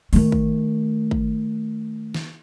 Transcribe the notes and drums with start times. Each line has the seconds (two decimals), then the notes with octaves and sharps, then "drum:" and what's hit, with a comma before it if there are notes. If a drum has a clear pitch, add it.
0.13 D#3 A3, drum: open hi-hat
0.32 drum: kick
1.11 drum: kick
2.15 drum: snare